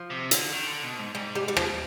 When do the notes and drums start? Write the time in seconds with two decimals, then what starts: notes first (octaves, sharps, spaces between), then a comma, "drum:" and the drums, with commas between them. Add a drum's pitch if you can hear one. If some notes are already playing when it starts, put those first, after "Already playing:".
Already playing: F3
0.10 C3
0.31 D3, drum: hi-hat
0.52 D#3
0.67 D3
0.83 B2
0.99 G#2
1.15 G#2 G3
1.35 G3
1.48 G3
1.57 B2 F3, drum: rim click